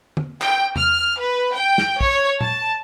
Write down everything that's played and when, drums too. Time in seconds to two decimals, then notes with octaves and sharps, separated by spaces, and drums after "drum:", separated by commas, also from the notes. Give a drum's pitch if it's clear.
0.17 drum: tom D3
0.42 G5, drum: clap
0.76 F6, drum: tom E2
1.17 B4
1.53 G5
1.78 drum: snare
2.01 C#5, drum: kick
2.41 A5, drum: tom A#2